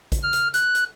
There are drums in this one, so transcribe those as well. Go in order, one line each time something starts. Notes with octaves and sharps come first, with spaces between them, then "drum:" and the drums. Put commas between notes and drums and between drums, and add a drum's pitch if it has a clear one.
drum: kick, hi-hat
F6
drum: hi-hat
F#6, drum: hi-hat
drum: hi-hat